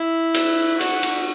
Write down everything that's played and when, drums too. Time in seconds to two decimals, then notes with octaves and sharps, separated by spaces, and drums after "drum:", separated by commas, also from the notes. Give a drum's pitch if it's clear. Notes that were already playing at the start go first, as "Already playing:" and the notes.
Already playing: E4
0.34 drum: cymbal
0.81 F#4, drum: cymbal
1.03 drum: cymbal